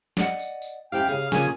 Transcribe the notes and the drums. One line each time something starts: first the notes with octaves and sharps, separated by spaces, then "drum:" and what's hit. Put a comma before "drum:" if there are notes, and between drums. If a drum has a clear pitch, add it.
D5 D#5 F#5, drum: snare
drum: tambourine
drum: tambourine
F2 C3 C#4 E4 G4 F5 G5
C#3 G#4
C#3 A#3 F4 G#5, drum: snare